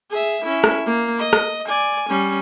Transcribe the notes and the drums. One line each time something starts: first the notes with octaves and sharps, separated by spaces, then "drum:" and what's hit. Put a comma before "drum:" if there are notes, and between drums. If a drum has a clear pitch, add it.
G#4 E5
C#4 E4
drum: rim click
A#3
D#5
drum: rim click
D5 G#5
G3 C#4